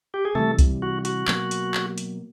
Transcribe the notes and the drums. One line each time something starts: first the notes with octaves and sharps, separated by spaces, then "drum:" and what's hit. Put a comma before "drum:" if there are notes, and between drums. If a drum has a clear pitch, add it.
G4
G#4
C3 E3 G3 A3 A4
drum: kick C2, hi-hat
F#4
F#4, drum: hi-hat
B2 F#3 A#3, drum: clap
drum: hi-hat
drum: clap
drum: hi-hat